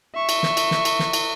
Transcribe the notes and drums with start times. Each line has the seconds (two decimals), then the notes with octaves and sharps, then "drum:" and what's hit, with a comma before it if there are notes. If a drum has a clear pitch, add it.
0.15 E5 C#6
0.29 drum: cymbal
0.43 drum: snare
0.57 drum: cymbal
0.71 drum: snare
0.85 drum: cymbal
0.99 drum: snare
1.13 drum: cymbal